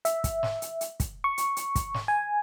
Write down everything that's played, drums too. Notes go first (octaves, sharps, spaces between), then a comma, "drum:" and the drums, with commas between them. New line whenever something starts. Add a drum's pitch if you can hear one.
E5, drum: hi-hat
drum: kick, hi-hat
drum: snare
drum: hi-hat
drum: hi-hat
drum: kick, hi-hat
C#6
drum: hi-hat
drum: hi-hat
drum: kick, hi-hat
drum: snare
G#5